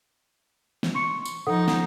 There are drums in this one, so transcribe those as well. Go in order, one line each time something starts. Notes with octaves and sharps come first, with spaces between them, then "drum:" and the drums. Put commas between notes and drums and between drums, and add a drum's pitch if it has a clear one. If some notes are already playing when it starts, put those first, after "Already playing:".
drum: snare
C6 C#6 C#7
drum: tambourine
F3 D#4 A4 F#5 D#6
drum: snare